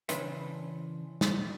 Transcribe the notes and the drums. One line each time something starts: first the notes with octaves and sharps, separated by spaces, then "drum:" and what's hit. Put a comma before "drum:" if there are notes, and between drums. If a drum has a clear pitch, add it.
C#3 E3 D4 B4 C5 E5, drum: hi-hat
drum: snare